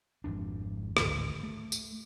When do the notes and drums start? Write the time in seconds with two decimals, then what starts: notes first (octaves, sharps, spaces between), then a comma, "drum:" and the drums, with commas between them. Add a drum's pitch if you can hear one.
0.24 G#1 F2 D4
0.97 G#1 D2 A2, drum: rim click
1.43 A3
1.72 drum: tambourine